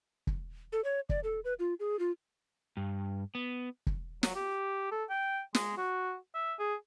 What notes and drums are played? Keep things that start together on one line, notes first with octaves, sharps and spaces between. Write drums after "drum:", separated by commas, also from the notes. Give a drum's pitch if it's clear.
drum: kick
A4
C#5
D5, drum: kick
A4
B4
F4
G#4
F4
G2
B3
drum: kick
F#3, drum: snare
G4
A4
G5
G#3, drum: snare
F#4
E5
G#4